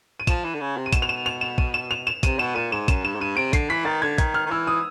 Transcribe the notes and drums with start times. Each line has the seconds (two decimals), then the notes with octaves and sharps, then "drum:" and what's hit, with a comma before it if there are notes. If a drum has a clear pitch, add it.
0.20 D#7
0.27 F3 E7, drum: kick, hi-hat
0.44 E3
0.54 D3
0.60 C#3
0.77 C3
0.86 D#7
0.93 B2 E7, drum: kick, hi-hat
1.02 F7
1.09 E7
1.26 F7
1.41 E7
1.58 D#7, drum: kick
1.74 E7
1.91 F7
2.07 E7
2.23 C3 D#7, drum: kick, hi-hat
2.39 B2 E7
2.56 A#2 D#7
2.72 G#2 E7
2.88 F#2 E7, drum: kick, hi-hat
3.05 G2 E7
3.15 G#2
3.21 G2 D#7
3.37 C3 D7
3.53 D3 C7, drum: kick, hi-hat
3.70 E3 B6
3.85 D#3 A6
4.02 D3 G#6
4.18 D#3 G#6, drum: kick, hi-hat
4.34 F6
4.46 D#3
4.51 E3 E6
4.67 D#6